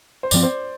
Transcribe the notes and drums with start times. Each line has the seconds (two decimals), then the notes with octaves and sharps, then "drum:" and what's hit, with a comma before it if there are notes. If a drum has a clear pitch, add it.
0.23 C5
0.31 G2 F3 C4 D5, drum: tambourine
0.43 C5